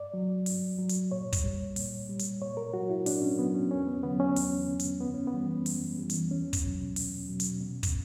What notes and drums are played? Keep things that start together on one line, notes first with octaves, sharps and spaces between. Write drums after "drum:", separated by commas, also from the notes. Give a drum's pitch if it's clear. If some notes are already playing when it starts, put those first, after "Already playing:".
Already playing: G2 D5
F#3
G2, drum: open hi-hat
F#3
drum: hi-hat
A#2 C#5
drum: kick, hi-hat
G3
A#2, drum: open hi-hat
G3
drum: hi-hat
A#2 C#5
A#4
F#3 F#4
E4
A#2 D4, drum: open hi-hat
C#4
F#3 B3
C#4
E2 C#4
B3
D3 F#3 B3
C#4
E2, drum: open hi-hat
D3 F#3
drum: hi-hat
F#2 B3
C#4
B3
E3 G3
F#2, drum: open hi-hat
E3 G3
drum: hi-hat
E2 C#4
drum: kick, hi-hat
B2 F#3
E2, drum: open hi-hat
B2 F#3
drum: hi-hat
B2
drum: kick, hi-hat